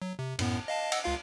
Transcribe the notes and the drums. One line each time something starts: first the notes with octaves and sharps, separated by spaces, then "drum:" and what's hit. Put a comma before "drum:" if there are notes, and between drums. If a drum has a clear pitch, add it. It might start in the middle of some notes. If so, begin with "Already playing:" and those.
F#3
C3
F#2 A2 B3, drum: cymbal
D#5 F5 A5
D#5 F#5 E6, drum: cymbal
C#2 F4 F5